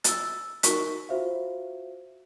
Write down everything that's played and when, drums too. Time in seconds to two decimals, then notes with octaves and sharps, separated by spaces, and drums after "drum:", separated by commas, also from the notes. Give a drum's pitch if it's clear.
0.04 E6 A6, drum: hi-hat
0.63 D#4 F#4 A#4 C#6 B6, drum: hi-hat
1.09 F4 F#4 C5 E5 F5